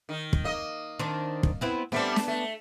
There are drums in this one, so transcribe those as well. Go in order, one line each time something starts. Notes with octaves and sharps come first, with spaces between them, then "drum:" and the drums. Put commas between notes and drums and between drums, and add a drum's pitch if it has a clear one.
D#3
drum: kick
A#3 D#5
D#3 C4 D4
drum: kick
B3 C4 E4
G3 A3 B3 C4 D4
drum: snare
A3